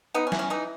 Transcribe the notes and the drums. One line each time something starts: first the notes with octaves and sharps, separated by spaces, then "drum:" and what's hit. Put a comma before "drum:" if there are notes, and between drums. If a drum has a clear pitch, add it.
B3 D#4
C#4
E3, drum: snare
C#4
E3 D#4